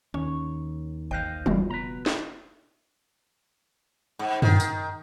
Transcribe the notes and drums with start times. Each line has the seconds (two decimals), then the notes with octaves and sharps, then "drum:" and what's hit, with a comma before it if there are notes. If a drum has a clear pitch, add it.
0.14 D#2 D#3 C#4 C#5
1.11 A1 C5 D#5 F5 G5 F#6 A#6
1.46 F#1 E3 F4 F#4, drum: tom F#3
1.70 B2 B4 A#5
2.06 drum: snare
4.19 G#2
4.42 D#3, drum: tom F#2
4.60 drum: tambourine